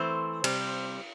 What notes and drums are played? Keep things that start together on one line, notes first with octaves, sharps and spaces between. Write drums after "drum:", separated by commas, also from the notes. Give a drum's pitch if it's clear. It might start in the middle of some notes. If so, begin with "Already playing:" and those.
Already playing: E3 A3 C4 C5
C3 G3 C4, drum: cymbal